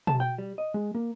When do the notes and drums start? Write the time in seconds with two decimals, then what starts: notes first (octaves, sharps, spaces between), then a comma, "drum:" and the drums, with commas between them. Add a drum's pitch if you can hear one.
0.07 A5, drum: tom B2
0.20 G5
0.38 G3
0.58 D#5
0.74 G#3
0.95 A#3